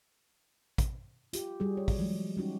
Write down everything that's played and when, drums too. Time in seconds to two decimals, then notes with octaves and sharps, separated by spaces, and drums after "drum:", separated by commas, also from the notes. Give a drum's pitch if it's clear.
0.78 drum: kick, hi-hat
1.33 F4 G4, drum: hi-hat
1.60 G3 F#4 G#4
1.77 C#5
1.88 drum: kick, open hi-hat
1.99 E3 F#3 G#3
2.37 G3 C#4 D#4 F#4 G4